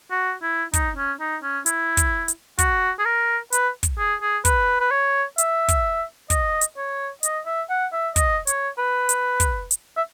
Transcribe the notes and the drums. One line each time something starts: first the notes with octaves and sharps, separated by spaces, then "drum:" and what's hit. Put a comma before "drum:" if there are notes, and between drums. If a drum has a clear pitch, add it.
F#4
E4
D#4, drum: kick, hi-hat
C#4
D#4
C#4
E4, drum: hi-hat
drum: kick, hi-hat
drum: hi-hat
F#4, drum: kick, hi-hat
G#4
A#4
B4, drum: hi-hat
drum: kick, hi-hat
G#4
G#4
B4, drum: kick, hi-hat
B4
C#5
E5, drum: hi-hat
drum: kick, hi-hat
D#5, drum: kick, hi-hat
drum: hi-hat
C#5
D#5, drum: hi-hat
E5
F#5
E5
D#5, drum: kick, hi-hat
C#5, drum: hi-hat
B4
drum: hi-hat
drum: kick, hi-hat
drum: hi-hat
E5